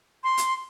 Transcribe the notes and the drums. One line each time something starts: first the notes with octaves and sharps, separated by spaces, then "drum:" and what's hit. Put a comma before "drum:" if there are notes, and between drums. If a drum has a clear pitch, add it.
C6
drum: hi-hat